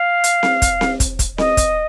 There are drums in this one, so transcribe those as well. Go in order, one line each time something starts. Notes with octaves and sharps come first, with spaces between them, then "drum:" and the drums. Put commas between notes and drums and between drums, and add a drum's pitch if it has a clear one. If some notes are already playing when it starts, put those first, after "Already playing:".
Already playing: F5
drum: hi-hat
drum: snare C4
drum: kick, hi-hat
drum: snare C4
drum: kick, hi-hat
drum: kick, hi-hat
D#5, drum: snare C4
drum: kick, hi-hat